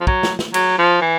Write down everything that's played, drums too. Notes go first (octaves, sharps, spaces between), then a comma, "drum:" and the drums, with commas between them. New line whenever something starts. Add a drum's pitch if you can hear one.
F3
F#3, drum: kick
drum: snare
drum: snare
F#3, drum: cymbal
F3
E3